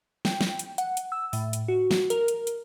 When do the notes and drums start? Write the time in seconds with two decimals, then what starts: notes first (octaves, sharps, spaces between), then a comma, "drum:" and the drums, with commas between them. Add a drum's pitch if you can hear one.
0.25 G5, drum: snare
0.41 drum: snare
0.59 drum: hi-hat
0.78 F#5, drum: hi-hat
0.97 drum: hi-hat
1.12 E6
1.33 A2, drum: open hi-hat
1.53 drum: hi-hat
1.68 F#4
1.91 drum: snare
2.10 A#4, drum: hi-hat
2.28 drum: hi-hat
2.47 drum: hi-hat